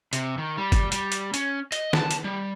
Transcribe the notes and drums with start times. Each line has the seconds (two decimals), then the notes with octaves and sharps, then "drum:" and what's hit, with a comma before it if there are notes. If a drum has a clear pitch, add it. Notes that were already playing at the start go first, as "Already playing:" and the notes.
0.13 C3, drum: hi-hat
0.38 D#3
0.57 G3
0.72 drum: kick, hi-hat
0.92 G3, drum: hi-hat
1.12 drum: hi-hat
1.34 C#4, drum: hi-hat
1.72 D#5, drum: hi-hat
1.93 A5, drum: snare
2.11 drum: hi-hat
2.24 G3